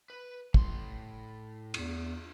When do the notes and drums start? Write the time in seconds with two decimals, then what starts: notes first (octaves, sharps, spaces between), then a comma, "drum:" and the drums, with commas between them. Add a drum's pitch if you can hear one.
0.10 B4
0.54 A2 C6, drum: kick
1.74 E2, drum: cymbal